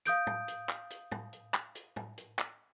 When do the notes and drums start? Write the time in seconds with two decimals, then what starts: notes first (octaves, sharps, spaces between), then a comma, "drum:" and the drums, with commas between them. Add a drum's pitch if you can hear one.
0.06 F5 D#6 G6 D7, drum: hi-hat
0.27 drum: tom
0.48 drum: hi-hat
0.69 drum: clap
0.90 drum: hi-hat
1.12 drum: tom
1.33 drum: hi-hat
1.54 drum: clap
1.75 drum: hi-hat
1.96 drum: tom
2.17 drum: hi-hat
2.39 drum: clap